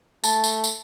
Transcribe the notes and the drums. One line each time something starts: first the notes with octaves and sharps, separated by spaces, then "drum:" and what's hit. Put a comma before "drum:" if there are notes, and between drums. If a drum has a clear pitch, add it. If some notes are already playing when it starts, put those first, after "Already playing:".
A3 A5, drum: tambourine
drum: tambourine
drum: tambourine